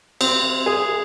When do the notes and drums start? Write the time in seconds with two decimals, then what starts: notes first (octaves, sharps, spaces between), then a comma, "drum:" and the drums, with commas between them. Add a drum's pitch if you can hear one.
0.21 C4, drum: cymbal
0.66 G#4